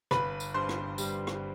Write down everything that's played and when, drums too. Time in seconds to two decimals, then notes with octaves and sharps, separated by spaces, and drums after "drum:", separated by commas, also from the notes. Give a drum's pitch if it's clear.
0.11 G1 B4 B5, drum: rim click
0.40 drum: tambourine
0.54 G2 C5 C6
0.69 drum: rim click
0.98 G3, drum: tambourine
1.27 drum: rim click